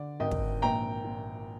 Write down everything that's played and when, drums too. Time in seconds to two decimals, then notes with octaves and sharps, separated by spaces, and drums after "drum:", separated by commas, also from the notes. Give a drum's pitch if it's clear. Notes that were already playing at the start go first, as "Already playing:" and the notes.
Already playing: D3 D5
0.20 G#1 D#5 G5
0.31 drum: kick
0.62 A#1 G5 A#5
1.04 A#2